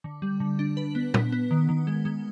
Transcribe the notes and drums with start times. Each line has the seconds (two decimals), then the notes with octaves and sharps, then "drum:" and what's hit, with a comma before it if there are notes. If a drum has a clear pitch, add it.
0.04 D3
0.22 G3
0.40 D3
0.59 D4
0.77 B4
0.95 B3
1.14 B3, drum: tom
1.32 B3
1.51 D#3
1.69 D#3
1.87 G#3
2.05 G#3